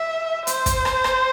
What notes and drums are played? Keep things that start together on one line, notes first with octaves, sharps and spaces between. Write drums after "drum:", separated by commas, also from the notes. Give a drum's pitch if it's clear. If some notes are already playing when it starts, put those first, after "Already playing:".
Already playing: E5
C5, drum: hi-hat
drum: kick, hi-hat
drum: rim click
drum: rim click